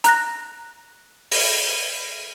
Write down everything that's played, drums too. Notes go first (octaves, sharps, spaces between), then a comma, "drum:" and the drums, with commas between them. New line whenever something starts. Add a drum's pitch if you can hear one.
A#5 F#6 A#6, drum: hi-hat
drum: open hi-hat